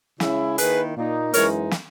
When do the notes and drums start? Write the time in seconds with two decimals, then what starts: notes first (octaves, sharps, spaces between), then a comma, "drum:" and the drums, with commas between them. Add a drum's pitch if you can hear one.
0.20 C#3 G#3 C#4 E4, drum: snare
0.58 D#3 A#3 E4 G#4 B4, drum: hi-hat
0.96 A#2 A#3 D#4
1.34 F#2 E3 G#3 D#4 A#4 C#5, drum: hi-hat
1.71 drum: snare